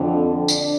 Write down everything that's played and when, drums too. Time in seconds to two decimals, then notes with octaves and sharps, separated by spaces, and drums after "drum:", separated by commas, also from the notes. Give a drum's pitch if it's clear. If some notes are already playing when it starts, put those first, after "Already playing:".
Already playing: F2 D3
0.48 D4, drum: tambourine